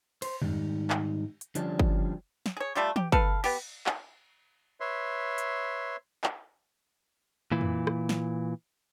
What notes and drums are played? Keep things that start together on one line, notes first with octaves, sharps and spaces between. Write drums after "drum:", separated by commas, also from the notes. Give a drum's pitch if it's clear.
C5, drum: cymbal
G#2 D#3 G3, drum: tom F2
drum: clap
drum: hi-hat
D3 F3 G3 C#4 D4, drum: hi-hat
drum: kick
drum: snare
G#4 C#5
G3 A3 F4 G4
G4, drum: tom E3
A4 B4 F5, drum: kick
B3 G4, drum: cymbal
drum: clap
B4 C#5 E5 C6
drum: hi-hat
drum: clap
A#2 E3
drum: tom F2
drum: rim click
drum: snare